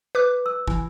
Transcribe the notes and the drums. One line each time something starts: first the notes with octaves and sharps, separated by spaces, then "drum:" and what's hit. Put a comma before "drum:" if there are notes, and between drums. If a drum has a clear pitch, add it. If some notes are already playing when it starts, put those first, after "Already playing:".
B4 D6 F#6
E6
E3 G#5, drum: kick